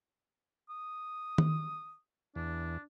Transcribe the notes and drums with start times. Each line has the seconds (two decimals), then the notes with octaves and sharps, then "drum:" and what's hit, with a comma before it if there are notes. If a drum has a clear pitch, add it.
0.70 D#6
1.38 drum: tom D#3
2.36 E2 D4